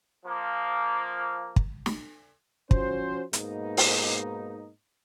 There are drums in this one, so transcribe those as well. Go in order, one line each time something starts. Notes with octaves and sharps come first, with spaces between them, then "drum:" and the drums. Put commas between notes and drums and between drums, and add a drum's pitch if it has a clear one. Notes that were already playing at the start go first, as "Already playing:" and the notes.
F3 A#3
drum: kick
drum: snare
F3 C#4 F#4 C5, drum: kick
G#2 B2 A#3 D#4, drum: hi-hat
drum: open hi-hat